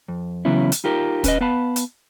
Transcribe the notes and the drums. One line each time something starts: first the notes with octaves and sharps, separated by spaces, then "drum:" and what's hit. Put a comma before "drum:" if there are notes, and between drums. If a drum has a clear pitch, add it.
F2
C#3 E3 F#3 B3 C#4 E4
drum: hi-hat
D#4 F4 G4 A#4
C#4 B4 D#5, drum: kick, hi-hat
B3 B4 F5 A5 B5
drum: hi-hat